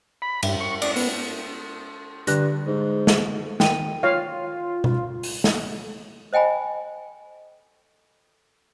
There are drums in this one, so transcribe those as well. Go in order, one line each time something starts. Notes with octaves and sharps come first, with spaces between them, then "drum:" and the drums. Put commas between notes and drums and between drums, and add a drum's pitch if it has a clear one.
B5
G2, drum: cymbal
C#6
D5, drum: cymbal
B3, drum: open hi-hat
G2 D3 F#6 A#6, drum: hi-hat
G#2
drum: snare
D#3 G5 D#7, drum: snare
F4 C#5 F5
drum: tom B2
drum: open hi-hat
drum: snare
C5 D#5 G5 G#5 B5